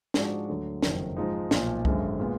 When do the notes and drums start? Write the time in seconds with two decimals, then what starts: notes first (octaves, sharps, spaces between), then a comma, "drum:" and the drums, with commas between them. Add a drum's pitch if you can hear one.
0.14 G#2 F3 G#3 D4 F#4, drum: snare
0.49 D2 D3 F#3
0.82 F#1 F2 D#3 F#3, drum: snare
1.17 G#2 F3 G#3 D#4
1.51 B1 A#2 F3, drum: snare
1.85 G#1 F#2 D3 G#3, drum: kick C2
2.20 A#2 G#3 B3